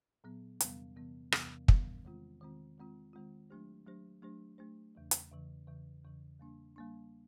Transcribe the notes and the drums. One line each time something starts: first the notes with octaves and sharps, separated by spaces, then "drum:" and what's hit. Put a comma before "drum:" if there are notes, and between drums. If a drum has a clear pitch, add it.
A#2 F#3 B3
E2 C3 E3 G3 B3, drum: hi-hat
E2 C3 E3 G3 B3
E2 C3 E3 G3 B3, drum: rim click
E2 C3 E3 G3 B3, drum: kick
D#3 G#3 C4 F4
D#3 G#3 C4 F4
D#3 G#3 C4 F4
D#3 G#3 C4 F4
F#3 A3 D4 G4 C5
F#3 A3 D4 G4 C5
F#3 A3 D4 G4 C5
F#3 A3 D4 G4 C5
E2 C#3 E3
drum: hi-hat
E2 C#3 E3
E2 C#3 E3
E2 C#3 E3
G3 A#3 D4
G3 A#3 D4